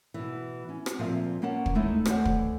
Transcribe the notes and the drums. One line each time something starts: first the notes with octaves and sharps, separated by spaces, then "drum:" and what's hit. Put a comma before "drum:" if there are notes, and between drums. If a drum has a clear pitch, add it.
B2 E3
C#4
drum: rim click
D2 A#2 F3 C4 E5 F5
A#3 B3 C#4 F#5 A5
drum: kick
G#3 A3 D#4 E4
D3 E3 C5 C#5 F#5, drum: rim click
drum: kick